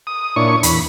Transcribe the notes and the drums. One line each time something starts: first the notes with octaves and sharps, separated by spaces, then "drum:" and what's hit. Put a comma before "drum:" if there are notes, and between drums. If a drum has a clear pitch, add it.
D#6
A#2 D4 E4 C#5 C#6
E2 B5, drum: hi-hat